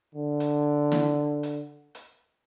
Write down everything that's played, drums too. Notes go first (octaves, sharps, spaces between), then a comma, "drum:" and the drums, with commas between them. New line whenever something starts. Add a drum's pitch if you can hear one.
D3
drum: hi-hat
drum: snare
drum: hi-hat
drum: hi-hat